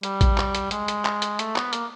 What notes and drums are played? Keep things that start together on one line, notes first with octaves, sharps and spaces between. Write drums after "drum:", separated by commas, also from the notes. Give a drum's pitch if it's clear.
G3, drum: hi-hat
drum: kick A#1, hi-hat
drum: clap
drum: hi-hat
G#3, drum: hi-hat
drum: hi-hat
drum: clap
drum: hi-hat
A3, drum: hi-hat
B3, drum: clap
A#3, drum: hi-hat